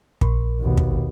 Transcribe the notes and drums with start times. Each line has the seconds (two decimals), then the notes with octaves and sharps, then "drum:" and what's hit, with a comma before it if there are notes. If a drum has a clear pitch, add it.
0.21 A#1, drum: kick
0.59 D#2 B2
0.78 drum: kick